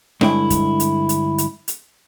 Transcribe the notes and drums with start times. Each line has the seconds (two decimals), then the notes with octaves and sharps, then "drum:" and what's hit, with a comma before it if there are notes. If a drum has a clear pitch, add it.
0.21 G2 D3 G#3 C#4 E4 G5, drum: rim click
0.50 drum: kick, hi-hat
0.80 drum: hi-hat
1.09 drum: hi-hat
1.38 drum: hi-hat
1.68 drum: hi-hat